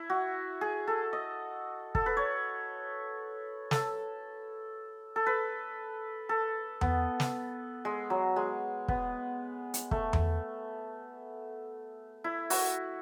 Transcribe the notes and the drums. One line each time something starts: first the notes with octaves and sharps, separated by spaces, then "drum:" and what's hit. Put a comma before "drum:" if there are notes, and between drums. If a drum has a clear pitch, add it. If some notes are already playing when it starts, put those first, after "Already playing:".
Already playing: E4
F#4
G#4
A4
D#5
A4, drum: kick
B4
C#5
A4, drum: snare
A4
B4
A4
B3, drum: tom E2
drum: snare
G#3
F#3
G#3
B3, drum: kick
drum: hi-hat
A3, drum: kick
drum: tom E2
E4
F#4, drum: open hi-hat